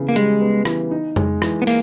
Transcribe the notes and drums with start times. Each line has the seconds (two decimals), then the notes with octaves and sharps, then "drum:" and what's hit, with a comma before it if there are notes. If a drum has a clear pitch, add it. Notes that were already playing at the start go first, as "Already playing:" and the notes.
Already playing: C#3 E3 B3
0.09 A#3
0.16 G3 G#3, drum: hi-hat
0.41 B3
0.65 E3, drum: rim click
0.91 D#4
1.16 G#3, drum: tom F2
1.42 E3, drum: rim click
1.62 B3
1.67 A#3, drum: open hi-hat